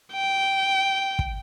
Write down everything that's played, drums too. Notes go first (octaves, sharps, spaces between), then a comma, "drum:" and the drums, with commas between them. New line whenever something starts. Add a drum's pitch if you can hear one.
G5
drum: kick